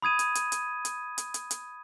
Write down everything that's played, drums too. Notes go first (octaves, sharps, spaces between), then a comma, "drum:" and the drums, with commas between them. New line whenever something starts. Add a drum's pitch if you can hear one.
B5 D#6 G#6 D#7
drum: hi-hat
drum: hi-hat
drum: hi-hat
drum: hi-hat
drum: hi-hat
drum: hi-hat
drum: hi-hat